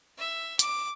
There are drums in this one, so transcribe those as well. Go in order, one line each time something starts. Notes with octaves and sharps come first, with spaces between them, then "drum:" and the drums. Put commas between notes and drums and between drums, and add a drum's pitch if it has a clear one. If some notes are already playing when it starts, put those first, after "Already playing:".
E5
D6, drum: hi-hat